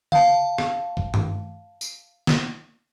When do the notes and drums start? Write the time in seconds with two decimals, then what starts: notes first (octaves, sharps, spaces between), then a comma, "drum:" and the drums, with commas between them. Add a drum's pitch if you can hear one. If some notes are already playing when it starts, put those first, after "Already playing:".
0.12 F5 A5, drum: tom C#3
0.58 drum: rim click
0.97 drum: kick A#1
1.14 drum: tom G2
1.81 drum: tambourine
2.27 drum: snare